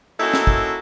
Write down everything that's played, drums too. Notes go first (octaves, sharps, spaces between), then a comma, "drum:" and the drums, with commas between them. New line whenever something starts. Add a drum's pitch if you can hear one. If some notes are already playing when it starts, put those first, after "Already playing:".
A#3 C#4 D#4 E4 F#4 A4
drum: snare
drum: kick